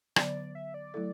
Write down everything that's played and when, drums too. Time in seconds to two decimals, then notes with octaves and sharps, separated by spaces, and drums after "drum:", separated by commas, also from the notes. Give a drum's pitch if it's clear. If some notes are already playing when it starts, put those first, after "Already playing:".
0.16 D3 F#3 B3 D5, drum: rim click
0.55 E5
0.74 D5
0.94 F#3 A3 E4 A4